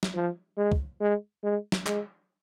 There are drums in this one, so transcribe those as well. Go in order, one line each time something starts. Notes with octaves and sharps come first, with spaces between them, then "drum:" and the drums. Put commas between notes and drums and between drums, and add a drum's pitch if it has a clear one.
drum: snare
F3
G#3
drum: kick
G#3
G#3
drum: snare
G#3, drum: clap